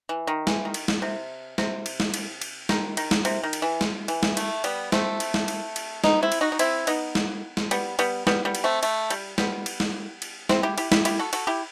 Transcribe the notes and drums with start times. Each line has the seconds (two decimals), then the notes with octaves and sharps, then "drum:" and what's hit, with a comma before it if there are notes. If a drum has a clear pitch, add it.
0.09 E3
0.27 D#3
0.47 E3, drum: snare
0.65 D#3
0.74 drum: cymbal
0.88 drum: snare
1.02 C3
1.58 C3, drum: snare
1.86 drum: cymbal
2.00 drum: snare
2.14 drum: cymbal
2.42 drum: cymbal
2.69 D#3, drum: snare
2.97 D#3, drum: cymbal
3.11 drum: snare
3.25 C3, drum: cymbal
3.43 D#3
3.53 drum: cymbal
3.62 E3
3.81 drum: snare
4.08 E3, drum: cymbal
4.23 drum: snare
4.37 A3, drum: cymbal
4.64 G3 B3, drum: cymbal
4.92 A3 C4, drum: snare
5.20 drum: cymbal
5.34 drum: snare
5.48 drum: cymbal
5.76 drum: cymbal
6.04 B3 D#4, drum: snare
6.22 C4 E4
6.32 drum: cymbal
6.41 D#4 F#4
6.52 D#4
6.59 C4 E4, drum: cymbal
6.87 B3 D#4, drum: cymbal
7.15 drum: snare
7.57 drum: snare
7.71 G3 B3, drum: cymbal
7.99 G3 B3, drum: cymbal
8.27 G3 B3, drum: snare
8.45 G3 B3
8.55 drum: cymbal
8.64 A3 C4
8.83 A3, drum: cymbal
9.10 G3, drum: cymbal
9.38 G3 B3, drum: snare
9.66 drum: cymbal
9.80 drum: snare
10.22 drum: cymbal
10.49 C4 E4, drum: snare
10.63 E4 G4
10.78 E4 G4, drum: cymbal
10.92 E4 G4, drum: snare
11.05 E4 G4, drum: cymbal
11.19 F#4 A4
11.33 F#4 A4, drum: cymbal
11.47 E4 G4